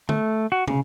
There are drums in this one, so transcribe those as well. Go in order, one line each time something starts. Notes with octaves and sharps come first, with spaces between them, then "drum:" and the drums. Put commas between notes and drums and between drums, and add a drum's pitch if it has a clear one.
A3, drum: tom D3
F#4
C#3, drum: tom